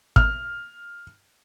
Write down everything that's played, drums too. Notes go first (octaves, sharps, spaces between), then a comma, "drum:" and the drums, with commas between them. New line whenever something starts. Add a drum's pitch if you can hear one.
F6, drum: kick